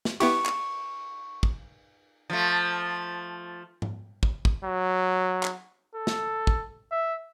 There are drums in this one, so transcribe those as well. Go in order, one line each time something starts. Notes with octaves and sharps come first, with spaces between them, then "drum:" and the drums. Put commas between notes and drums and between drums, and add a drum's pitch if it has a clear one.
drum: snare
B3 E4 G4 C#6, drum: cymbal
drum: clap
drum: kick
F3 A3
drum: tom G#2
drum: kick
drum: kick
F#3
drum: clap
A4
drum: snare
drum: kick
E5